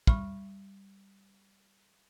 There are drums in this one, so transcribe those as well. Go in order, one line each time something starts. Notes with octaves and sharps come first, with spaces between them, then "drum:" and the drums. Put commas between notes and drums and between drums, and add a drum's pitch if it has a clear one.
G3 B5 C#6, drum: kick